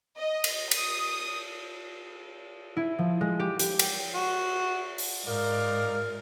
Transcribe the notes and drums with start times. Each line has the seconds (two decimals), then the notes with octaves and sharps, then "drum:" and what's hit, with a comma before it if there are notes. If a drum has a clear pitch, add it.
0.17 D#5
0.44 drum: cymbal
0.71 D#6, drum: cymbal
2.77 E4
2.99 F3
3.21 G#3
3.40 G4
3.59 G4, drum: hi-hat
3.79 G5, drum: cymbal
4.15 F#4
4.98 drum: open hi-hat
5.26 G#2 D#4 A#4 D5 F5